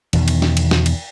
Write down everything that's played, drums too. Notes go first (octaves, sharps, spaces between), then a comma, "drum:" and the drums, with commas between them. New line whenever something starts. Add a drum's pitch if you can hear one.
E2 B2 D#3, drum: cymbal
drum: cymbal
drum: snare
drum: cymbal
drum: snare
drum: cymbal